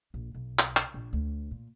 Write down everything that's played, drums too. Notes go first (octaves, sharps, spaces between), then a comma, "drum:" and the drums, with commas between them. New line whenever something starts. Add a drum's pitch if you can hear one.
A#1
B1
drum: clap
drum: clap
A#1
D2
A#2